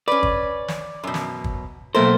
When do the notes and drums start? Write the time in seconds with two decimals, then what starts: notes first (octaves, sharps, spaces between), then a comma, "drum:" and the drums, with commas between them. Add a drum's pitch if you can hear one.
0.08 C#4 B4 D5
0.23 drum: kick
0.68 drum: snare
1.04 F#2 B2
1.14 drum: snare
1.44 drum: kick
1.95 B1 A3 A#3 A#4 C5